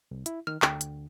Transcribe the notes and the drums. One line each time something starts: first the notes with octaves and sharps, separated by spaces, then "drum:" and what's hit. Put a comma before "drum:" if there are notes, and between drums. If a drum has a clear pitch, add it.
C2
E4, drum: hi-hat
D#3 F6
D2 D3 G5, drum: clap
drum: hi-hat